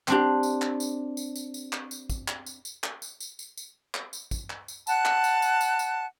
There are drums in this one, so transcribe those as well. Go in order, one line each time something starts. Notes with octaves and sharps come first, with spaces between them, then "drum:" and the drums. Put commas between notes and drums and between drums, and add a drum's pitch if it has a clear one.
C4 D4 G4, drum: clap
drum: tambourine
drum: clap
drum: tambourine
drum: tambourine
drum: tambourine
drum: tambourine
drum: clap
drum: tambourine
drum: kick A1, tambourine
drum: clap
drum: tambourine
drum: tambourine
drum: clap
drum: tambourine
drum: tambourine
drum: tambourine
drum: tambourine
drum: clap
drum: tambourine
drum: kick A1, tambourine
drum: clap
drum: tambourine
F#5 A5 F#6, drum: tambourine
drum: clap
drum: tambourine
drum: tambourine
drum: tambourine
drum: tambourine